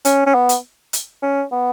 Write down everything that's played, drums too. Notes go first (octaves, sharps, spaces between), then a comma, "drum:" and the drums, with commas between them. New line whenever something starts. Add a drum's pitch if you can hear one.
C#4, drum: hi-hat
C#4
B3
drum: hi-hat
drum: hi-hat
C#4
B3